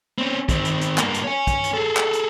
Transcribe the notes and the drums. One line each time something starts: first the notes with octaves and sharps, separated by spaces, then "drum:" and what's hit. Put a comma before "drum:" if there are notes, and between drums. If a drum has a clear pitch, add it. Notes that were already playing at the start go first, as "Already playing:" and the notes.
C4 C#4
D#3 C4, drum: kick, hi-hat
drum: hi-hat
drum: hi-hat
G2 A#3, drum: clap
drum: hi-hat
C#5 G#5
drum: kick, hi-hat
drum: hi-hat
G#4 A4
drum: clap
drum: hi-hat